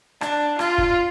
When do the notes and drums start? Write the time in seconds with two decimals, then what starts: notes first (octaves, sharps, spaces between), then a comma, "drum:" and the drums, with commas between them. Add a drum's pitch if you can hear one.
0.21 D4, drum: rim click
0.59 F4, drum: rim click
0.78 drum: kick